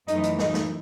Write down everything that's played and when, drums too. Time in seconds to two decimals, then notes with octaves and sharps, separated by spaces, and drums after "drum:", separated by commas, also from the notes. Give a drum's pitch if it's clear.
0.08 F#2 E3 A3 D#4, drum: hi-hat
0.24 drum: hi-hat
0.39 D#4, drum: snare
0.54 drum: snare